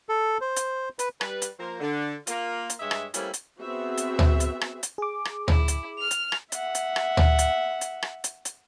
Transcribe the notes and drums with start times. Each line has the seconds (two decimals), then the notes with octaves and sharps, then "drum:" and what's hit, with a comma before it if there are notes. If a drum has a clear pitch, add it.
0.09 A4
0.41 C5
0.56 drum: hi-hat
0.99 B4, drum: hi-hat
1.21 G3 B4, drum: rim click
1.42 drum: hi-hat
1.59 F3 A#3 A#4 C5
1.80 D3
2.27 A#3 F4, drum: hi-hat
2.70 drum: hi-hat
2.80 G2 G#3 C#5 D#5 E5
2.91 drum: rim click
3.14 G3 A3 A#3 C4 C#4 E4, drum: hi-hat
3.33 drum: hi-hat
3.60 B3 C4 F#4 G#4 E5
3.97 drum: hi-hat
4.19 drum: tom
4.40 drum: hi-hat
4.61 drum: rim click
4.83 drum: hi-hat
4.98 G#4 D6
5.25 drum: rim click
5.48 E4, drum: tom
5.68 drum: hi-hat
5.98 F6 F7
6.11 drum: hi-hat
6.32 drum: rim click
6.52 E5 F#5, drum: hi-hat
6.75 drum: hi-hat
6.96 drum: rim click
7.17 drum: tom
7.39 drum: hi-hat
7.81 drum: hi-hat
8.02 drum: rim click
8.24 drum: hi-hat
8.45 drum: hi-hat